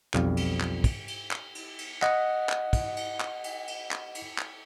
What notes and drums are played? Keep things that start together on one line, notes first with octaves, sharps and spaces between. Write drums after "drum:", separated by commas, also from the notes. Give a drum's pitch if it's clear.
B1 F2 G3 F5, drum: clap
drum: cymbal
drum: clap
drum: kick, cymbal
drum: cymbal
drum: clap
drum: cymbal
drum: cymbal
D#5 F#5, drum: clap
drum: clap
drum: kick, cymbal
drum: cymbal
drum: clap
drum: cymbal
drum: cymbal
drum: clap
drum: cymbal
drum: clap